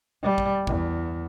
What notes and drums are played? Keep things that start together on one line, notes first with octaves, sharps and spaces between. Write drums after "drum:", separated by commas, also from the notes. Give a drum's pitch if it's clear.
G3
drum: kick
E2, drum: kick